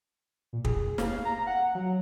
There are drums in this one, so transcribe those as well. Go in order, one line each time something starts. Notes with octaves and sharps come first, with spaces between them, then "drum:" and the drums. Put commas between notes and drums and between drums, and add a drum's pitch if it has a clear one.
A#2
G#4, drum: kick
F5, drum: snare
A#5
F#5
F#3